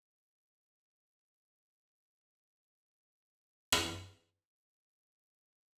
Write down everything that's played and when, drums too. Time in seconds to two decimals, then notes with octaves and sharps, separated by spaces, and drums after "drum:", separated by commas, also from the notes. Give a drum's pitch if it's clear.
0.49 A#4
0.78 B4
1.07 E4
1.35 D4
1.63 E3
1.92 F#3
3.07 F#3
3.72 drum: rim click
4.80 F#3
5.09 D4
5.38 E4